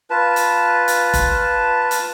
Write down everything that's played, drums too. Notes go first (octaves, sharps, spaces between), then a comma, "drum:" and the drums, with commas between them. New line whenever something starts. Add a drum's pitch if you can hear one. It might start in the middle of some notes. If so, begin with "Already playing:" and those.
F4 B4 A5
drum: hi-hat
drum: hi-hat
drum: kick F1, hi-hat
drum: hi-hat